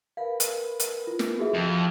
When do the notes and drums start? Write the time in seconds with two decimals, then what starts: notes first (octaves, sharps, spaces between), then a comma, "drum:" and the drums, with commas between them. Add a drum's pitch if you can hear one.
0.17 A#4 B4 F5 B5
0.40 drum: hi-hat
0.80 drum: hi-hat
1.07 F4
1.19 drum: snare
1.39 F#4 G#4 E5
1.54 F2